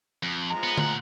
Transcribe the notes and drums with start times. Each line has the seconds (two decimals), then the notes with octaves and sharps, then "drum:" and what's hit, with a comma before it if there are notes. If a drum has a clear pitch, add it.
0.23 F2
0.50 F3 G#3 A#5
0.63 B3
0.78 A#2 F#5, drum: tom D3